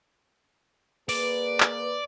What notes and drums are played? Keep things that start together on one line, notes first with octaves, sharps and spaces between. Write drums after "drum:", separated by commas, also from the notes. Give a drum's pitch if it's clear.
A#3 G#4 B4 D5, drum: open hi-hat
drum: clap